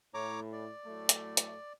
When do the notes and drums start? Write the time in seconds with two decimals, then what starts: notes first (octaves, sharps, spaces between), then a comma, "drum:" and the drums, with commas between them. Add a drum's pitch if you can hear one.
0.14 A2 C#5 A#5 D6
0.53 D5
0.84 A2 F#3 A3
1.09 drum: hi-hat
1.37 drum: hi-hat